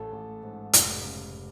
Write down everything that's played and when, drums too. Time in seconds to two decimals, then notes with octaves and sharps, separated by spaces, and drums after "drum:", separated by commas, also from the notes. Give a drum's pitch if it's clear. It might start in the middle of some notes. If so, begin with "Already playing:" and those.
Already playing: A1 A3 A4
0.13 A1
0.43 G#2
0.73 F1, drum: hi-hat
1.04 C#3